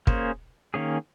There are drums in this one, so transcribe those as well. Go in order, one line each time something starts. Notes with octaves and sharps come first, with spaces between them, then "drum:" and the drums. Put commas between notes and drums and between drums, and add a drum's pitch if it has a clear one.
A#3 C#4 G#4 C5, drum: kick
D#3 A#3 C#4 G#4